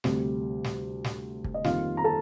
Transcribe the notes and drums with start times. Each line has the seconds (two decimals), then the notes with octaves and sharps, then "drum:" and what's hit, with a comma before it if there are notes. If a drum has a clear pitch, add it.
0.04 D2 C3 G3, drum: snare
0.64 drum: snare
1.04 drum: snare
1.44 drum: kick
1.54 D#5
1.64 F2 D#3 G3 A#3 F4 F5, drum: snare
1.97 A#5
2.04 A4 A5